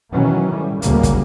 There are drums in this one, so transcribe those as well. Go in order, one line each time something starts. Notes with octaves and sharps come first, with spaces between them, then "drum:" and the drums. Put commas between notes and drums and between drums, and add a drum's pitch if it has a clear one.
B2 D#3 E3 F#3 C#4
A2 G3
D2 A2 C#3 F#3 G3 A#3, drum: hi-hat
drum: kick, hi-hat